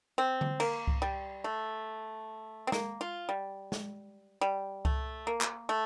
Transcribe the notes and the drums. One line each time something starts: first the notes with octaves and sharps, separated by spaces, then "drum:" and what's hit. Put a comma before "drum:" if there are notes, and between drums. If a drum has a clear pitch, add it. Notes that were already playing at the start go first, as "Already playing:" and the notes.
C4
drum: tom D3
A#3, drum: cymbal
drum: kick C2
G3
A3
C4
A#3, drum: snare
F4
G3
drum: snare
G3
A3, drum: kick C2
A#3
drum: clap
A3